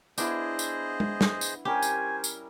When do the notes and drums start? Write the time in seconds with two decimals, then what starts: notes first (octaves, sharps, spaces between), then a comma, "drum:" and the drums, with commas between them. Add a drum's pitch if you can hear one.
0.18 B3 D4 E4 G#4 C5 D#5, drum: tambourine
0.59 drum: tambourine
1.00 drum: tom
1.21 drum: snare
1.41 drum: tambourine
1.65 G3 C#4 G4 A#4 C5 G#5
1.83 drum: tambourine
2.24 drum: tambourine